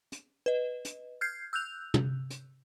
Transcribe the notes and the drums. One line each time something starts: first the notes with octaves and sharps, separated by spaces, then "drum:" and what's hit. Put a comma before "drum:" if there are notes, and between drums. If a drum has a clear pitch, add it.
drum: hi-hat
B4 D#5
drum: hi-hat
F6 G6 G#6 C7
E6 F#6 G6 F7
drum: tom
drum: hi-hat